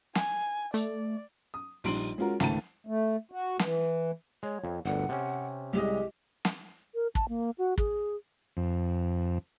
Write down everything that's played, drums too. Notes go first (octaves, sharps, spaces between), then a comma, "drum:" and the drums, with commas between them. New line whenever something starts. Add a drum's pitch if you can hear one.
G#5, drum: snare
A3 D5, drum: hi-hat
D#6
A#1 G3 D#4 C6 D7 F#7, drum: open hi-hat
G#3 C#4 F4 F#4 A#4
G#1 C#2 A3 A5 D#7, drum: snare
A3
F#4
E3, drum: snare
G#3 C#5
F2
G1 D2 F#5
C3 C#4
C2 G#3 G4 D#5
drum: snare
A#4
A5, drum: kick
A#3
F#4
G#4, drum: kick
F2